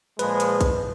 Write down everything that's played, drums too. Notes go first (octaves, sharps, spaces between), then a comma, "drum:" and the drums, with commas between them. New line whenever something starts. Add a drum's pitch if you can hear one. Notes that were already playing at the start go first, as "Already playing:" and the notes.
A#2 F3 G#3 B4, drum: hi-hat
drum: hi-hat
drum: kick, hi-hat